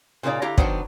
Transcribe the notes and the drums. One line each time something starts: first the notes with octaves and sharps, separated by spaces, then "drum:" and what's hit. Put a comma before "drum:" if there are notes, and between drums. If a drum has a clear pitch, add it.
A#2 C#3 F3 A#3 D#4 D5
D3 E4 G4 F5 A#5
D#3 F#3 B3 D4 C5 A#5, drum: kick